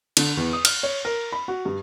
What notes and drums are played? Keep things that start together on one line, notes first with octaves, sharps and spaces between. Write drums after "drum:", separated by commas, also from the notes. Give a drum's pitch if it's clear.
D3, drum: cymbal
E2
D#6
F6, drum: cymbal
C#5
A#4
B5
F#4
G2